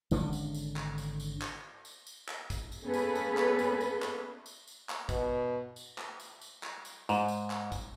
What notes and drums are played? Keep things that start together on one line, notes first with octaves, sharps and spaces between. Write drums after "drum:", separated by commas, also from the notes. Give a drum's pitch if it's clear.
G#1 D3 C#4 D4, drum: tambourine
drum: tambourine
drum: tambourine
drum: clap
drum: tambourine
drum: tambourine
drum: clap
drum: tambourine
drum: tambourine
drum: clap
drum: kick, tambourine
drum: tambourine
A#3 B3 C#4 G#4 A4 B4
drum: tambourine
drum: tambourine
drum: clap
drum: tambourine
drum: tambourine
drum: clap
drum: tambourine
drum: tambourine
drum: clap
B2, drum: kick, tambourine
drum: tambourine
drum: clap
drum: tambourine
drum: tambourine
drum: clap
drum: tambourine
G#2, drum: tambourine
drum: tambourine
drum: clap
drum: kick, tambourine